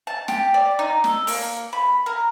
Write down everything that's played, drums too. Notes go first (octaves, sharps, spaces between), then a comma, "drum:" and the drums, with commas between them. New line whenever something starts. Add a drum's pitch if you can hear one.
A5
G4, drum: snare
D5
D#4
A4, drum: snare
A#3, drum: open hi-hat
B5
A#4